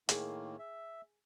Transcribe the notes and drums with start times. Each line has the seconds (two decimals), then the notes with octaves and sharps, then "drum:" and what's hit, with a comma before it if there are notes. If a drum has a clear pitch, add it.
0.09 A2 D#3 A#3 G#4, drum: hi-hat
0.59 E5